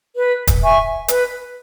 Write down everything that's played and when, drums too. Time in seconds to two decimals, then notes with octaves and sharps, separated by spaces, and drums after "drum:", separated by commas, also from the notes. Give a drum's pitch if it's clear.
0.17 B4
0.47 drum: kick, hi-hat
0.62 E5 G#5 C#6
1.08 B4, drum: hi-hat